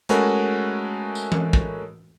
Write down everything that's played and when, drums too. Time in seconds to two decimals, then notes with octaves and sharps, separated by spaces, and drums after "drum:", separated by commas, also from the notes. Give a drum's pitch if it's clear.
0.09 G#3 A3 C#4 F#4 A#4 B4, drum: hi-hat
1.15 drum: tambourine
1.32 drum: tom E3
1.53 drum: kick